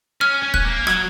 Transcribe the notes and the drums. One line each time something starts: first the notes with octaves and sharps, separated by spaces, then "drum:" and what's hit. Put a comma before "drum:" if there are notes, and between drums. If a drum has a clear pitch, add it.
C#4 F6
C#4
F#6, drum: kick
A#3
F#3 G#6, drum: rim click